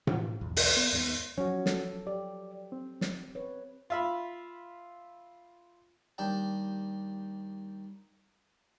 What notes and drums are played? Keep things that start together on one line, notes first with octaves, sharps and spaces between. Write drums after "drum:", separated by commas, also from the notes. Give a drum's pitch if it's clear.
E3 F3, drum: tom A2
B1 E2
drum: open hi-hat
B3
D#2 G#2 G#3 B3
F3 F#3 C#4 F#4 C#5
A4, drum: snare
G4 D5
C4
drum: snare
B4 C#5
F4 E5 B5
D#2 G3 D4 G5